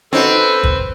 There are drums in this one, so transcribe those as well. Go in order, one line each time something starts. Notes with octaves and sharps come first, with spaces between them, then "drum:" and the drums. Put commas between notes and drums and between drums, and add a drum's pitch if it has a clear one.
C4 C#4 D#4 F#4 A4 B4
drum: kick